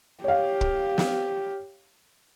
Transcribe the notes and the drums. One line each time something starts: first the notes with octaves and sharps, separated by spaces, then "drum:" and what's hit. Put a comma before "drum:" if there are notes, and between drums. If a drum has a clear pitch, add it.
G4 C#5 F5
drum: kick
drum: snare